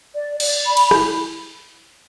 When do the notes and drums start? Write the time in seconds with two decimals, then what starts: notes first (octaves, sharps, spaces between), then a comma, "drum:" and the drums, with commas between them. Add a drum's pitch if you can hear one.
0.14 D5
0.40 D5, drum: cymbal
0.65 B5
0.77 drum: cymbal
0.91 E4, drum: rim click